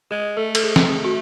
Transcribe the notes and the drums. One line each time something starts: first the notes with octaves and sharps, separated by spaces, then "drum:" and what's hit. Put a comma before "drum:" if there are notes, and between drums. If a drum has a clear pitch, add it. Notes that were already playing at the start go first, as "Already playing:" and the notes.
G#3 G#4
A3 A4
A4, drum: cymbal
G#4
drum: snare
G#4
F#4